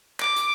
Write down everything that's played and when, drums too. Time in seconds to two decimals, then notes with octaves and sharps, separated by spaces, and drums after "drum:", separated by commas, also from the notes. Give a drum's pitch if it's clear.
0.20 D6, drum: clap
0.36 drum: hi-hat